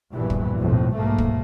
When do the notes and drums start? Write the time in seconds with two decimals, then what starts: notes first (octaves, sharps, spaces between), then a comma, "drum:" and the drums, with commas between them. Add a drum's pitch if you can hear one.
0.12 A#1 G2 B2 E3
0.30 drum: kick
0.60 B1 F2 A2
0.97 B1 G#2 A3 A#3
1.18 drum: kick